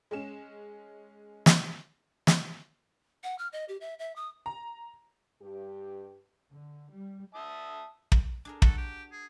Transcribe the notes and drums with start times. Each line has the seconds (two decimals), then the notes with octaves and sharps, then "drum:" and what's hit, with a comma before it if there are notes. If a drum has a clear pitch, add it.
0.11 G#3 C#4 E7
1.46 drum: snare
2.27 drum: snare
3.23 F#5
3.39 F6
3.53 D#5
3.69 G4
3.81 E5
3.99 E5
4.16 D#6
4.46 A#5
5.42 G2 G4
6.52 D3
6.90 G3
7.35 E5 A5 D#6
8.12 drum: kick
8.45 D4 G#4 A#4
8.62 F#4 A4, drum: kick
8.77 G4
9.12 G#4